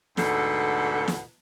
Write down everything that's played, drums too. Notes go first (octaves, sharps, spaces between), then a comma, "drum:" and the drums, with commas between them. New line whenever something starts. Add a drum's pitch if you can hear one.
D2 G#2 B2 D3 A4, drum: snare
drum: snare